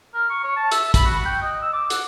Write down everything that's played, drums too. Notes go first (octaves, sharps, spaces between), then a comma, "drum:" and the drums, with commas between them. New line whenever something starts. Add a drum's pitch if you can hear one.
A#4
C#6
C#5
A5
E5, drum: hi-hat
B5, drum: kick, hi-hat
F#4
G5
D#5
E6
D6
F#5, drum: hi-hat